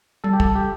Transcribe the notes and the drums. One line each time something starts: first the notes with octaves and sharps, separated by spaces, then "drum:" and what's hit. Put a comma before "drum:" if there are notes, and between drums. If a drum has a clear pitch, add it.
G3 A4
G4
A4, drum: kick
G4